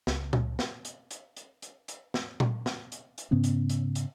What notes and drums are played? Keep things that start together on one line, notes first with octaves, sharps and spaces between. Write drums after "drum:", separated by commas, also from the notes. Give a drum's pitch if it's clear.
C#2, drum: snare
drum: tom A#2
drum: snare
drum: hi-hat
drum: hi-hat
drum: hi-hat
drum: hi-hat
drum: hi-hat
drum: snare
drum: tom A#2
drum: snare
drum: hi-hat
drum: hi-hat
G#2 C#3 B3 C#4
drum: hi-hat
drum: hi-hat
drum: hi-hat